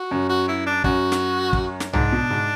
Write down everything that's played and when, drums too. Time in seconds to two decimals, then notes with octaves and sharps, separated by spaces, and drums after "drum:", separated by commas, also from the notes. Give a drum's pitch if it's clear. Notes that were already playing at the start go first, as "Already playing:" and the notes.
Already playing: F#4
0.11 F#2
0.29 F#4
0.48 E4
0.66 D4
0.84 F#2 F#4, drum: kick
1.12 drum: snare
1.53 drum: kick
1.80 drum: snare
1.93 G#2 D4, drum: tom B1
2.12 B2
2.31 G#2